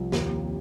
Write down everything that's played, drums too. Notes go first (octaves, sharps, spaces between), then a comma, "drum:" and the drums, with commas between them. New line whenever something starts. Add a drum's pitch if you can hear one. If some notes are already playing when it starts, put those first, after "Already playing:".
Already playing: C2 F3
D#2, drum: snare